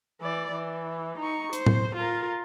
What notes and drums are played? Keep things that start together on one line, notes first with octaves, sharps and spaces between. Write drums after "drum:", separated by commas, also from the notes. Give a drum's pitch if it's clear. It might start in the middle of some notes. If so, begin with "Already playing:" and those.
E3 D5
E3
D#4 C#6
C5, drum: hi-hat
drum: tom A2
F4 A#4